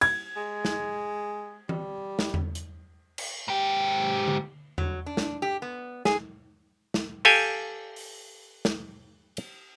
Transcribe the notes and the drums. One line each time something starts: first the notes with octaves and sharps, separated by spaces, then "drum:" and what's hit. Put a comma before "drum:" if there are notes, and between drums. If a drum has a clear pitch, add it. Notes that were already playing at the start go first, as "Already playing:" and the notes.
G#6, drum: cymbal
G#3
drum: snare
G3, drum: tom E3
drum: snare
drum: tom E2
drum: hi-hat
drum: cymbal
G#2 G4
drum: tom D3
F#3, drum: tom E2
D4
drum: snare
G4
B3
G#4, drum: snare
drum: snare
G4 A4 F5 G5 G#5, drum: cymbal
drum: open hi-hat
drum: snare
drum: cymbal